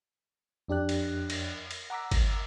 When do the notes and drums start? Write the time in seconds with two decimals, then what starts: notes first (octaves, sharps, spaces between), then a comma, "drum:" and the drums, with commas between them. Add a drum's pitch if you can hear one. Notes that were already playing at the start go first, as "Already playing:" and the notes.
0.68 F2 D4 G4 D5 F#6
0.89 drum: cymbal
1.30 drum: cymbal
1.71 drum: cymbal
1.90 F#5 A#5 D6 E6 B6
2.11 drum: kick, cymbal